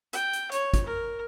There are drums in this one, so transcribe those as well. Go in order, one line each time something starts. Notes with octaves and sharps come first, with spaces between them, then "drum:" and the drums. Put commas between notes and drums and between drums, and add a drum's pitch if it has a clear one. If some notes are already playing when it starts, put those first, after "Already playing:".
G5, drum: hi-hat
drum: hi-hat
C#5, drum: hi-hat
drum: kick, hi-hat
A#4